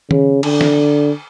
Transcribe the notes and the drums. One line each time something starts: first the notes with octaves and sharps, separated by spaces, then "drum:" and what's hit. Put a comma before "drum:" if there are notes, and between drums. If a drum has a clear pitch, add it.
C#3, drum: tom D#3
D3, drum: cymbal
drum: snare